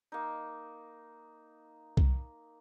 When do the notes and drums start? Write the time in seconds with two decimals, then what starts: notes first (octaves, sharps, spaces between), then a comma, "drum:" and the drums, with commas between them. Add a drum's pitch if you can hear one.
0.12 A#3 D#4
1.97 drum: kick C2